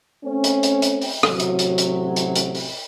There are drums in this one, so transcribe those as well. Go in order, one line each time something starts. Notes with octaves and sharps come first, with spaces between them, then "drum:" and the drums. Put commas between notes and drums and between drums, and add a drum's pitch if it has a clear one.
A3 C4 C#4
drum: hi-hat
drum: hi-hat
drum: hi-hat
drum: open hi-hat
A1 C3 F#3, drum: rim click
drum: hi-hat
drum: hi-hat
drum: hi-hat
drum: hi-hat
drum: hi-hat
drum: open hi-hat